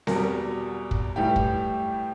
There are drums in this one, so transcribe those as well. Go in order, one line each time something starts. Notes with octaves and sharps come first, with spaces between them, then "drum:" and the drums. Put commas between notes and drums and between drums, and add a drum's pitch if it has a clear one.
E2 B2 G3 A#4, drum: snare C4
drum: kick
A2 E3 G3 G4
drum: kick